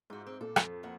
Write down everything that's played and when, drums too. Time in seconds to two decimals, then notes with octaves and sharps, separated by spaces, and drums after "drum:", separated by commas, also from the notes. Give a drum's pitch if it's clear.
0.10 G#2 F4 F#4
0.27 C4
0.41 A#2 A4
0.56 F2, drum: rim click
0.83 E2 A#3 F#5